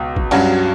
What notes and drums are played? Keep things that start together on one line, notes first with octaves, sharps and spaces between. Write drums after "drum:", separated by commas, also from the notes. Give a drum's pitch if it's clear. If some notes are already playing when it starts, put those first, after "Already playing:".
Already playing: C#2 B2
drum: kick A1
G2 F#3 C#4 F#4, drum: cymbal